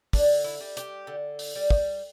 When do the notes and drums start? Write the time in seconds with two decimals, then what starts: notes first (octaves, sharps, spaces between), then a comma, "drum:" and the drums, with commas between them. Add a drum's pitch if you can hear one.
0.13 D3 D4, drum: kick, open hi-hat
0.44 E4
0.61 G3
0.77 G4, drum: hi-hat
1.07 D3
1.39 drum: open hi-hat
1.55 G3
1.70 drum: kick